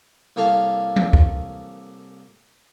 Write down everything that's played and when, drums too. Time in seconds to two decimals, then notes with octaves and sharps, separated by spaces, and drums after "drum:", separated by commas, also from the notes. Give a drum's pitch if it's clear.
0.36 C2 A#3 C#4 A4 F5 A5
0.96 drum: tom F3
1.13 drum: kick